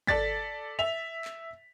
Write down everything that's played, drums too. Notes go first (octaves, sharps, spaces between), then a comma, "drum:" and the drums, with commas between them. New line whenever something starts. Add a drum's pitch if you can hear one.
A4 D5 A6 B6, drum: kick
E5 B6 F7
drum: clap